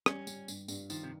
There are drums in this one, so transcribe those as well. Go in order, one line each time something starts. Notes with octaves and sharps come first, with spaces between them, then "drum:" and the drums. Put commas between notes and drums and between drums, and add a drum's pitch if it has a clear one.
G3 C#4, drum: rim click
G3, drum: tambourine
G2, drum: tambourine
G2, drum: tambourine
D#3 F3, drum: tambourine
C3